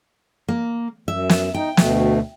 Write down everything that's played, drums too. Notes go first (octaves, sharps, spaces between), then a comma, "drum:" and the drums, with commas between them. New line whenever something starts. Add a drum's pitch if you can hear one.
A#3
F#2 E5
drum: snare
D#4 G5
D2 B2 A3, drum: snare